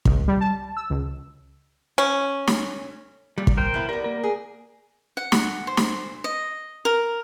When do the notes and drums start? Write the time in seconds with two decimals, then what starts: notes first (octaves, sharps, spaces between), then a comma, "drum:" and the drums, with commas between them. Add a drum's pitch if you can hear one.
0.05 C#2, drum: kick
0.28 G3
0.41 A5
0.77 E6
0.90 C#2
1.98 C#4
2.47 drum: snare
3.38 A#2 G3
3.47 drum: kick
3.57 A#4 C5 G5
3.74 B3 E4
3.89 G3 B3 A#4
4.04 A#3 A#4
4.23 G#4
5.17 F#5
5.32 drum: snare
5.67 C5
5.77 drum: snare
6.24 D#5
6.85 A#4